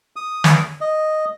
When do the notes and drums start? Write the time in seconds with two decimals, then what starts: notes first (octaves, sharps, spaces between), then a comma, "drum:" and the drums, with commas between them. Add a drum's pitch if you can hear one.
0.16 D#6
0.44 drum: snare
0.81 D#5